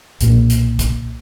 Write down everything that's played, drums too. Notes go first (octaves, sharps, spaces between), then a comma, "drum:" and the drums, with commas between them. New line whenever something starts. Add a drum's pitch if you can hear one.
B1 A#2, drum: hi-hat
drum: hi-hat
drum: kick, hi-hat